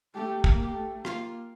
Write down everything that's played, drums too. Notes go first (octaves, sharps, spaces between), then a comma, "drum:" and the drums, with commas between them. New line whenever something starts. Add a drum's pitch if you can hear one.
A3 G4
A#3, drum: kick
G4
A3
A#3 F4, drum: rim click